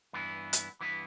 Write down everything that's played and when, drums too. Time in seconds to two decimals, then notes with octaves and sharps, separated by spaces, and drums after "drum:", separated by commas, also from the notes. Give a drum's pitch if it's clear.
0.13 G2 E3 B3 E4
0.53 drum: hi-hat
0.81 G2 E3 B3 E4